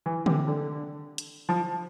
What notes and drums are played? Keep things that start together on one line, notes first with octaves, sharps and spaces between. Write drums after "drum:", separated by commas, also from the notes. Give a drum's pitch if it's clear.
E3
C3, drum: tom D3
D3
drum: hi-hat
F3